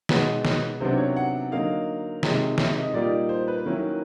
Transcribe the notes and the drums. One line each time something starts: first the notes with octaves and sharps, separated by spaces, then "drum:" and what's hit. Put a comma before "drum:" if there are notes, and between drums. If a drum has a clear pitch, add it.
B2 G#3 B3 D#4 B4, drum: snare
drum: snare
C3 D#3 F#3 B3 D4 C5
C#5
F#5
D3 F#3 A#3 D#4 F5
C3 D#3 G#3, drum: snare
E5, drum: snare
D#5
A#2 G3 A#3 D#4 D5
C5
B4
D#3 F#3 A#3 C#4 E4